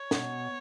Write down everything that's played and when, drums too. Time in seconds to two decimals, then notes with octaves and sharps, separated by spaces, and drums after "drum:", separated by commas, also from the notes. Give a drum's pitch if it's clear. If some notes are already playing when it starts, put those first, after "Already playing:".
Already playing: C#5
0.11 B2, drum: snare